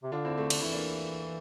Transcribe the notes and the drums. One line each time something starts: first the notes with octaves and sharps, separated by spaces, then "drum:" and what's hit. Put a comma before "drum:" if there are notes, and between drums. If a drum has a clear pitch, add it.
C3
D3 D4 F4
C4 E4
A3 C4
D4, drum: cymbal
E3 E4
A#3 D4